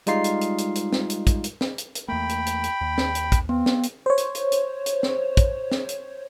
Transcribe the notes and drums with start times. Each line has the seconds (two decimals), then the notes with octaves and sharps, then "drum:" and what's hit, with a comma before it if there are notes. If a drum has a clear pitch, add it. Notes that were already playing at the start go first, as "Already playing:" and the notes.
0.07 G3 G#3 D#4 F4 C7, drum: hi-hat
0.24 drum: hi-hat
0.41 drum: hi-hat
0.58 drum: hi-hat
0.75 drum: hi-hat
0.93 drum: snare
1.10 drum: hi-hat
1.27 drum: kick, hi-hat
1.44 drum: hi-hat
1.61 drum: snare
1.78 drum: hi-hat
1.95 drum: hi-hat
2.08 E2 A3 A#3 G5 B5
2.29 drum: hi-hat
2.46 drum: hi-hat
2.64 drum: hi-hat
2.81 D#2
2.98 drum: snare
3.15 drum: hi-hat
3.32 drum: kick, hi-hat
3.49 B3 C4
3.66 drum: snare
3.83 drum: hi-hat
4.06 C5 C#5
4.18 drum: hi-hat
4.35 drum: hi-hat
4.52 drum: hi-hat
4.86 drum: hi-hat
5.03 drum: snare
5.37 drum: kick, hi-hat
5.72 drum: snare
5.89 drum: hi-hat